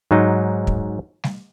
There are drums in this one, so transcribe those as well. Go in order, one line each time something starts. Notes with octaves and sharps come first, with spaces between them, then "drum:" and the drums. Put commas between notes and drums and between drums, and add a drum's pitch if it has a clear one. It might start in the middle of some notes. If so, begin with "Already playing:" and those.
G#2 F#3 D#4
drum: kick
drum: snare G3